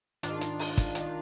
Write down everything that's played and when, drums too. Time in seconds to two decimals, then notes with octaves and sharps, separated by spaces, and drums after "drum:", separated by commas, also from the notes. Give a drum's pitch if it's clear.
0.23 G#2 D#3 D4 F4, drum: hi-hat
0.41 drum: hi-hat
0.59 drum: open hi-hat
0.77 drum: kick, hi-hat
0.95 D#3, drum: hi-hat